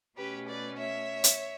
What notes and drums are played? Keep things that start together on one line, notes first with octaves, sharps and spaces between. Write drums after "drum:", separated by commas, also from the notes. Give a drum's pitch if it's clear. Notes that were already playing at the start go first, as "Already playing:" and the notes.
B2 A3 C#4 G4 B4
B4 D5
C#5 E5
drum: hi-hat